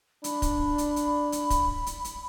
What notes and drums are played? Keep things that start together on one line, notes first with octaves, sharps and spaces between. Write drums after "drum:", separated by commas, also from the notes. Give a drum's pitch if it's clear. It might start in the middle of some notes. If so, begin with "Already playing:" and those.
D4 B5, drum: hi-hat
drum: kick, hi-hat
drum: hi-hat
drum: hi-hat
drum: hi-hat
drum: kick, hi-hat
drum: hi-hat
drum: hi-hat